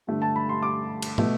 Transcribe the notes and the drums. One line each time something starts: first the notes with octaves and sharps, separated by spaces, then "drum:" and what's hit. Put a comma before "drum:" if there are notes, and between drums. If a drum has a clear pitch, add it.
G2 D3 A3
A5
B5
C6
D6
drum: cymbal
B2 A3, drum: tom